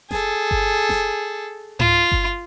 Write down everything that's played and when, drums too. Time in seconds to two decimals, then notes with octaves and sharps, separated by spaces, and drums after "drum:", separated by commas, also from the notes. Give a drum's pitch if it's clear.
0.11 G#4 A4, drum: snare F#1
0.51 drum: kick G1
0.89 drum: snare F#1
1.79 F4, drum: tom G#2
2.12 drum: kick G1